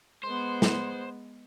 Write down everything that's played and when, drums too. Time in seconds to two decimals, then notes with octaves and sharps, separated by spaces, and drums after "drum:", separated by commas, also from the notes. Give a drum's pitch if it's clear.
0.23 G#3 B3 C5
0.62 drum: snare